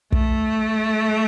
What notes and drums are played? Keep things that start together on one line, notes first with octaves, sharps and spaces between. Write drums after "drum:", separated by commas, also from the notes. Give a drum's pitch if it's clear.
A3, drum: kick